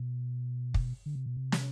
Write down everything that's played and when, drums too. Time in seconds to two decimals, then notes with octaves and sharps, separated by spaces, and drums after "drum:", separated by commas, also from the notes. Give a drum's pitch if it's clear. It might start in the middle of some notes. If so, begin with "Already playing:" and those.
Already playing: B2
0.74 drum: kick
1.06 D3
1.15 C3
1.26 B2
1.37 C3
1.52 drum: snare